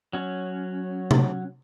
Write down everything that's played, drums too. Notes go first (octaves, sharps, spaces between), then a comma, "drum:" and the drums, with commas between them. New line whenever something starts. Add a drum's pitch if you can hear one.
F#3 C#4
drum: tom C3